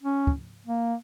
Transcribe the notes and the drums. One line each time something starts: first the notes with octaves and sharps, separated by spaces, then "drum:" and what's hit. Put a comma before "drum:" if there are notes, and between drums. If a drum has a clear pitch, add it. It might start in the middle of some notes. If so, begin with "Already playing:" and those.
C#4
drum: kick
A#3